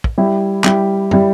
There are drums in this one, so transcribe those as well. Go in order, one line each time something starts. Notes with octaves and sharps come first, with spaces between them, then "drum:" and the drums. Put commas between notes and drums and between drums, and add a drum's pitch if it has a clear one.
drum: kick
G3 E4 G4
G3 E4 G4, drum: clap
G3 E4 G4, drum: tom